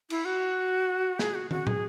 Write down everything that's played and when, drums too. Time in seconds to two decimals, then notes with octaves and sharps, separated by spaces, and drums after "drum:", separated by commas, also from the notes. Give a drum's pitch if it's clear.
0.10 E4, drum: cymbal
0.25 F#4
1.19 G#4, drum: snare
1.35 F#4
1.51 F#4, drum: tom
1.67 G#4, drum: tom